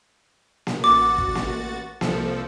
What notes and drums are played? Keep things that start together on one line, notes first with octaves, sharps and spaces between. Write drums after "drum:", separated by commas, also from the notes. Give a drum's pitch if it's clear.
drum: snare A#3
A1 F#4 D6 A6
drum: kick
drum: snare A#3
C2 F3 A4, drum: snare A#3